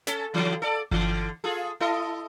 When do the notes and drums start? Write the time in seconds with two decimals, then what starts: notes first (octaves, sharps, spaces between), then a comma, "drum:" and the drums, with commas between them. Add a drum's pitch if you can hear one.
0.07 C#4 A4, drum: snare
0.34 D3 E3 F#3
0.62 A4 D5
0.91 D3 E3, drum: kick G1
1.44 F4 G#4 A4
1.80 E4 A4 D#5